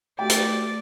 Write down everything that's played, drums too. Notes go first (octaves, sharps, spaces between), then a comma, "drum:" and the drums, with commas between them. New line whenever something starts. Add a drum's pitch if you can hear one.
A3 F#4 G4 D5 G5
drum: hi-hat